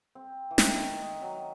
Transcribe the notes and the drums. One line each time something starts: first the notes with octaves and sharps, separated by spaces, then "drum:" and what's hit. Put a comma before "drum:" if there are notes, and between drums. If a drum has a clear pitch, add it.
C4
E3
D#3, drum: snare
D#3
F#3